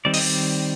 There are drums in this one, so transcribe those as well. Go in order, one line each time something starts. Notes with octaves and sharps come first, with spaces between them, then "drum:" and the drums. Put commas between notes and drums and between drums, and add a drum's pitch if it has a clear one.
D#3 G3 C4 D5
D#5, drum: open hi-hat
D5